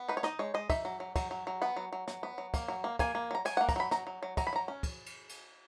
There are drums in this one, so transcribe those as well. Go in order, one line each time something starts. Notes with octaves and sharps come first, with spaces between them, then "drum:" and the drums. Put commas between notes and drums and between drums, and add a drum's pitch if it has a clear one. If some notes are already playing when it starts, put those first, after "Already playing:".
Already playing: B3
D#4 B4
C#5
D#4 D#5, drum: snare
G#3 C#5
G#3 D#5
D#4 E5, drum: kick, cymbal
F#3
F#3
F#3, drum: kick, cymbal
F#3
F#3
B3 F#5
F#3
F#3
F#3, drum: snare
B3
F#3
A#3, drum: kick, cymbal
F#3
A#3
A#3 G#5, drum: kick, cymbal
A#3
F#3 A#5
F#3 G#5, drum: cymbal
A#3 F#5
A#5, drum: kick, cymbal
F#3 B5
F#3 A#5, drum: snare
F#3
F#3
F#3 A#5, drum: kick, cymbal
B5
F#3 A#5
C#4
drum: kick, cymbal
drum: cymbal
drum: cymbal